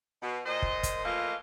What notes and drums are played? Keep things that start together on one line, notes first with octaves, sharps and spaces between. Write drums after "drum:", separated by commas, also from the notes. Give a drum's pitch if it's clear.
B2
A#2 C5 D#5
drum: kick
drum: kick, hi-hat
E3 F3 A3 A#3 F4 D#5